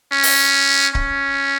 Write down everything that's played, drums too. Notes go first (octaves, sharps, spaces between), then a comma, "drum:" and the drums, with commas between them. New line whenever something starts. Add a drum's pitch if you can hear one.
C#4
drum: open hi-hat
C#4, drum: kick C#1